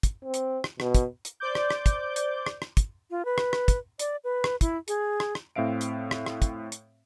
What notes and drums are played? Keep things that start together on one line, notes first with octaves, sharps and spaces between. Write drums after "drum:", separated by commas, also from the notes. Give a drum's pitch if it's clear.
drum: kick, hi-hat
C4
drum: hi-hat
drum: rim click
B2, drum: rim click
drum: kick, hi-hat
drum: hi-hat
C5 D5 D6 G6
drum: rim click
drum: rim click
drum: kick, hi-hat
drum: hi-hat
drum: rim click
drum: rim click
drum: kick, hi-hat
F4
B4
drum: rim click
drum: rim click
drum: kick, hi-hat
D5, drum: hi-hat
B4
drum: rim click
E4, drum: kick, hi-hat
G#4, drum: hi-hat
drum: rim click
drum: rim click
A2 C4 E5 F5 D7
drum: hi-hat
drum: rim click
drum: rim click
drum: kick, hi-hat
drum: hi-hat